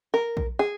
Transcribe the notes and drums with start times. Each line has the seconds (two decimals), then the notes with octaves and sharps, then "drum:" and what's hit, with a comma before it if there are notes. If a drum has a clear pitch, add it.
0.14 A#4
0.37 drum: kick A#1
0.59 G#4